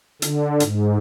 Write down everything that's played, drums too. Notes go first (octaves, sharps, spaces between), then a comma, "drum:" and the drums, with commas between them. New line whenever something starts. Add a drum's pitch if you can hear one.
D3, drum: hi-hat
G#2, drum: hi-hat